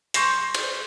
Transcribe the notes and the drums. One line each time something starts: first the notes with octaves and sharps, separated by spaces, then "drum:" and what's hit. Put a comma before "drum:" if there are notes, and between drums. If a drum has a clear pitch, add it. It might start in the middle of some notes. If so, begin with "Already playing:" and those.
C6 C#6 G6 A#6 C7 E7, drum: hi-hat
drum: cymbal